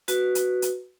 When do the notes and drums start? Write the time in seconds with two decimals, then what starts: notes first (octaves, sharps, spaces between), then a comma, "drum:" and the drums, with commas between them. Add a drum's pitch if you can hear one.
0.08 F#4 B4, drum: hi-hat
0.35 drum: hi-hat
0.62 drum: hi-hat